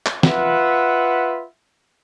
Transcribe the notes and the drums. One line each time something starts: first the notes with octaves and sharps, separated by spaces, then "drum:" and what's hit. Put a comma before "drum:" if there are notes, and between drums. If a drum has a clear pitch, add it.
drum: clap
F4 B4 E5 F#5, drum: snare